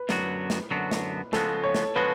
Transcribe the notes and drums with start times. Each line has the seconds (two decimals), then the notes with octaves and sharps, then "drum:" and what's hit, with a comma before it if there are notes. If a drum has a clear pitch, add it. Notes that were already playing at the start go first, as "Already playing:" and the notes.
Already playing: B4
0.09 F#2 D3 F#3 B3 F#4, drum: snare
0.50 drum: snare
0.71 F#2 D3 F#3 B3 F#4
0.91 drum: snare
1.33 C#3 F3 G#3 B3 F#4 A4, drum: snare
1.64 C#5
1.75 drum: snare
1.96 C#3 F3 G#3 B3 F#4 B4